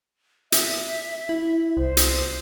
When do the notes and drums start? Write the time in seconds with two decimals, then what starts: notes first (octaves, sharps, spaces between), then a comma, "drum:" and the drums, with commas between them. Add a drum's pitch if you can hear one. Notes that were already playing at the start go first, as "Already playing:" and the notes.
0.52 E5, drum: hi-hat
1.29 E4
1.77 C2 C5
1.97 drum: hi-hat